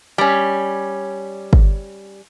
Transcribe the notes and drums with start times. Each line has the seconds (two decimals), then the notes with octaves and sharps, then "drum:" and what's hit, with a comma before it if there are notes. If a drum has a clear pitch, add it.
0.18 G3 C#4
1.53 drum: kick